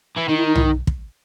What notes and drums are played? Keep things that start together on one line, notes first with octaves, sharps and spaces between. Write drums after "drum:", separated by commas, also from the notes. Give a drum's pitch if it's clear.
E3
D#3 D#4
E4
D#4
E4, drum: tom
D#4
drum: kick